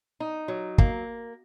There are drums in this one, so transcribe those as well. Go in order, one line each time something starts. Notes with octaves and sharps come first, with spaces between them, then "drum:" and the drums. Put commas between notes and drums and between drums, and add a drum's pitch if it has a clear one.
D#4
F#3
A#3, drum: kick